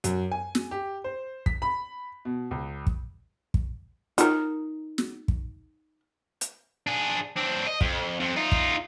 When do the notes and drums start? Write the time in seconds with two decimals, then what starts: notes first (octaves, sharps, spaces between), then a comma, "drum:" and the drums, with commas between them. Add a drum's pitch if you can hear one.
0.04 F#2, drum: hi-hat
0.32 G#5
0.55 drum: snare
0.71 G4
1.04 C5
1.46 B6, drum: kick
1.62 B5
2.25 B2
2.51 C#2
2.87 drum: kick
3.54 drum: kick
4.18 D#4 F4 A#4, drum: hi-hat
4.98 drum: snare
5.28 drum: kick
6.41 drum: hi-hat
6.87 D4 G#4
7.37 C4 D4
7.67 D#5
7.81 F2, drum: kick
8.20 F2
8.36 D#4 F4
8.52 drum: kick